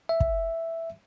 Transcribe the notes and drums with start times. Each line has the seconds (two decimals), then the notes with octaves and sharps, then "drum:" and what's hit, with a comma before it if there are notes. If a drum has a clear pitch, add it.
0.09 E5
0.20 drum: kick